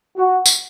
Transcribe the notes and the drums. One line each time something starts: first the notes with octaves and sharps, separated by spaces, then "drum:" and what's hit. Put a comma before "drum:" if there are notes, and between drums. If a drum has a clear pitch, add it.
F#4
drum: tambourine